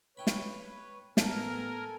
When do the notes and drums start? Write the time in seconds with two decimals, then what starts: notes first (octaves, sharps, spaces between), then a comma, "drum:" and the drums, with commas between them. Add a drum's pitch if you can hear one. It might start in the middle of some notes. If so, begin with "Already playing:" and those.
0.17 E4 B4 C#5 G5 B5
0.27 drum: snare
1.17 A1 B3 A4 A#4 G#5 A#5, drum: snare